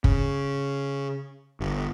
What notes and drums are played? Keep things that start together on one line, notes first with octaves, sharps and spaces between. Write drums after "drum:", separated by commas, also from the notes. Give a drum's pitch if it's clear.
C#3, drum: kick
G1